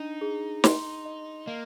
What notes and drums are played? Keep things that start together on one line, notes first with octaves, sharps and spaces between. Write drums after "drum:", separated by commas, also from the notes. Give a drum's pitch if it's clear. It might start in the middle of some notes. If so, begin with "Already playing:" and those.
Already playing: D4 D#4
G#4
C6, drum: snare
D#5
A#3 D#5